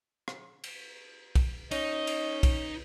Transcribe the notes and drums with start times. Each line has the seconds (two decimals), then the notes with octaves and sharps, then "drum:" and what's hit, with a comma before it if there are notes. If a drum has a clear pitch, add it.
0.28 drum: rim click
0.64 drum: cymbal
1.35 drum: kick, cymbal
1.71 C#4 D#4 D#5, drum: cymbal
2.07 drum: cymbal
2.43 drum: kick, cymbal